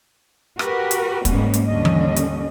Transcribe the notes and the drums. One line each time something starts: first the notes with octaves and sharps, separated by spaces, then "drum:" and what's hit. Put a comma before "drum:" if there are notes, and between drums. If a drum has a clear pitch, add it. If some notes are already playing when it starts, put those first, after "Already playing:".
F#4 G4 A#4 B4, drum: rim click
drum: hi-hat
G#2 G3 G#3 A#3 B3 C#4, drum: kick, hi-hat
drum: hi-hat
D#2 D3 G3 C#4 D4 D#5
drum: tom E3
drum: hi-hat